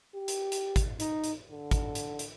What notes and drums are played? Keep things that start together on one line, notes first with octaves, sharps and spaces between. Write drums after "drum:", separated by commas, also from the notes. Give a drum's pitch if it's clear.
G4
drum: hi-hat
drum: hi-hat
drum: kick, hi-hat
D#4, drum: hi-hat
drum: hi-hat
D3
drum: kick, hi-hat
drum: hi-hat
drum: hi-hat